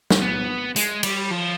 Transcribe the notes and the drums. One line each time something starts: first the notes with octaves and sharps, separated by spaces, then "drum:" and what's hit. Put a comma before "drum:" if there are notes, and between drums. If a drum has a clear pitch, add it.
drum: snare
B3
G#3, drum: hi-hat
G3, drum: cymbal
F3